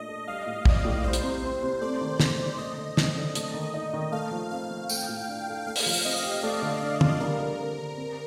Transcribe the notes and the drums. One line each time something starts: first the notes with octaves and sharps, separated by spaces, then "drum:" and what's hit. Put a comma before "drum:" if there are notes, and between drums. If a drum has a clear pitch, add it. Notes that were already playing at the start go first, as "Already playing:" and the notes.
Already playing: A#2 A3 D4 D#5
A4
G3 F5
A2
C4 D5, drum: kick
A2
G3 C5
drum: hi-hat
C3
C4
C3
A3 D5
D#3
C4, drum: snare
D#4
A3 D#5
D3
C4, drum: snare
D3
A3, drum: hi-hat
D#3
D#4
D#3
A3 F5
F3
C4 F5
F3
A3 G5, drum: tambourine
A2
D4
A4
A3 F5
drum: open hi-hat
F3
C4 D#5
G4
A3 D5
D3
D4
F4, drum: tom
G3 A#4
D3
C4
D3
C4